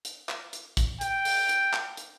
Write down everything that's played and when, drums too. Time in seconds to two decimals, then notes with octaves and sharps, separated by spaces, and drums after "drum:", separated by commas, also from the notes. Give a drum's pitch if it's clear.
0.05 drum: hi-hat
0.29 drum: clap
0.53 drum: hi-hat
0.77 drum: kick, hi-hat
1.01 G5, drum: hi-hat
1.25 drum: open hi-hat
1.49 drum: hi-hat
1.73 drum: clap
1.97 drum: hi-hat